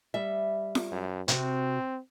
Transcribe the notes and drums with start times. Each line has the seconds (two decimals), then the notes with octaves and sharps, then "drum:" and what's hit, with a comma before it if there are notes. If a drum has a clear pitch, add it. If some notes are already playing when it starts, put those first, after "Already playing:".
0.14 G3 E5
0.75 drum: snare F4
0.92 F#2
1.28 C3 C4 F#4, drum: hi-hat